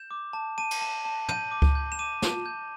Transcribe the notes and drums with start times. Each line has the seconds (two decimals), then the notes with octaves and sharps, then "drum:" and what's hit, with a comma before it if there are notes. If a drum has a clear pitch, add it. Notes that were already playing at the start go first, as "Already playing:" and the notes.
Already playing: G6 E7
0.11 D6
0.33 A5
0.58 A5 D#7
0.71 drum: cymbal
0.81 A5
1.05 A5
1.29 G6 D#7, drum: tom
1.51 D6
1.62 drum: kick C#2
1.75 G6
1.92 E7
1.99 D6 D#7
2.22 A5, drum: snare
2.46 G6